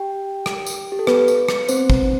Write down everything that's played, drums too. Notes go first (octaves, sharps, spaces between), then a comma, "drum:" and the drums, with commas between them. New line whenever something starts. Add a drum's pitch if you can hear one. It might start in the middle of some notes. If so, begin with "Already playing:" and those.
Already playing: G4 G5
drum: rim click
drum: tambourine
G4
A4
B3 B4, drum: rim click
drum: tambourine
drum: rim click
C4 C5, drum: tambourine
drum: kick